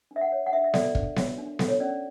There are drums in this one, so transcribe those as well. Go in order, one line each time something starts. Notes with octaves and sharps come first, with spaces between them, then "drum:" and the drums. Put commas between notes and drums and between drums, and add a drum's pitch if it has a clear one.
D4
E5
F#5
C#5
F#5
D4 E5
E5
A4 D5, drum: snare B3
D4, drum: kick
C#5, drum: snare B3
D4
A4, drum: snare B3
C#5
C#4 D5